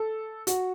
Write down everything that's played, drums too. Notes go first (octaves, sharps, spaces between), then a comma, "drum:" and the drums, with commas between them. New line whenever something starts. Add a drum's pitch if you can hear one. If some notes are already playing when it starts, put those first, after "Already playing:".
Already playing: A4
F#4, drum: hi-hat